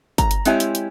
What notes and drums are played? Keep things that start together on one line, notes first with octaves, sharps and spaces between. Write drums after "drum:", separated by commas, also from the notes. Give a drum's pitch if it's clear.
A#5, drum: kick G1, hi-hat
drum: hi-hat
G#3 C4 E4 G4 C#5 G#5, drum: hi-hat
drum: hi-hat
drum: hi-hat